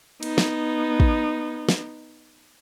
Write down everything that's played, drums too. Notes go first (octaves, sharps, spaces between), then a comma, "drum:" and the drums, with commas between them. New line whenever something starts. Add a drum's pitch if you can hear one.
B3 D#4, drum: cymbal
drum: snare
drum: kick A1
drum: snare